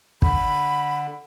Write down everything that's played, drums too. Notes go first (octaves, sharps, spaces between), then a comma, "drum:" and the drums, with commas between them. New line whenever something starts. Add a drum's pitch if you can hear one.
D3 B5, drum: kick